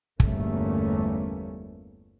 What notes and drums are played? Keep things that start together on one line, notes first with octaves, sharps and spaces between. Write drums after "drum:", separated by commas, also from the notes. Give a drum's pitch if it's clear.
G1 E2 G3 A3 A#3 C#4, drum: kick